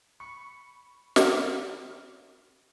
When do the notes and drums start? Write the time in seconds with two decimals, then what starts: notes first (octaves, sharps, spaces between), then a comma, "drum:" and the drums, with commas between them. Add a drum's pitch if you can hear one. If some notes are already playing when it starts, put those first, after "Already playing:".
0.20 B5 C#6 C#7
1.16 drum: snare